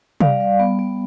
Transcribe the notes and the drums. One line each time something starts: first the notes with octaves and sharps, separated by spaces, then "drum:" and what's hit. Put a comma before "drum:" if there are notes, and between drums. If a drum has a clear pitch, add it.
G3 D5 F5, drum: tom C3
G3
B3
B3